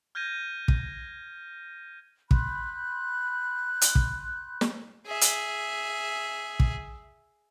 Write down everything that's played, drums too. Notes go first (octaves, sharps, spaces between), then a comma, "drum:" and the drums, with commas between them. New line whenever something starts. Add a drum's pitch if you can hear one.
F6 G6 G#6 A#6 D#7
drum: kick
B5 C6 F#6 G6, drum: kick
drum: hi-hat
drum: kick
drum: snare
G#4 E5
drum: hi-hat
drum: kick